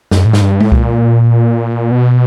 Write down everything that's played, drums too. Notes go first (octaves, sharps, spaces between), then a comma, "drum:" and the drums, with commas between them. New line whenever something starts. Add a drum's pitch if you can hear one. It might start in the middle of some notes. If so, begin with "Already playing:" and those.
F#2, drum: snare
A2
G#2, drum: snare
G2
A2, drum: tom G#3
A#2, drum: kick C2
B2